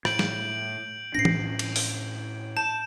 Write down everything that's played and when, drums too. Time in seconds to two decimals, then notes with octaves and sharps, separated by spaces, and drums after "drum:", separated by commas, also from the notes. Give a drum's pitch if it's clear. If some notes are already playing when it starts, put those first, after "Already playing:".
0.05 A2 G6 D7 F#7, drum: rim click
0.19 drum: snare
1.15 A2 C#4 D4 A#6 C7
1.25 drum: tom
1.59 drum: cymbal
1.76 drum: open hi-hat
2.57 A5 G6 E7